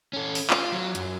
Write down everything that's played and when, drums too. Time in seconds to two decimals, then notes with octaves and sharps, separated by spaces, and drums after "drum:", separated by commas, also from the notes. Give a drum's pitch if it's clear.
0.13 C#4 A4
0.35 drum: open hi-hat
0.50 F4, drum: clap
0.72 F#3
0.95 F#2, drum: hi-hat